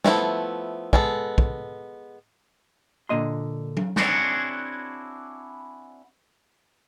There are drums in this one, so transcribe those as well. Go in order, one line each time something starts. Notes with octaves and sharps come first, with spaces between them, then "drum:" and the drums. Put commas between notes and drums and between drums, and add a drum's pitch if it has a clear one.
F3 A3 B3 E4, drum: snare
G#3 B3 A4, drum: kick
drum: kick
A#2 D3 A#3 D#5 C6
drum: tom F#3
C4 D4 E4 F#4 G#4 C#5, drum: snare